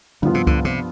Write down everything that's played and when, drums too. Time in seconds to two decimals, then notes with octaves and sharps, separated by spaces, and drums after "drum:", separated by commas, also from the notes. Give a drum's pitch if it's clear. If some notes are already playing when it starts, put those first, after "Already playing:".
0.22 G2 D3 F3 B3 F4
0.34 C3
0.47 D3, drum: kick C#2
0.65 C3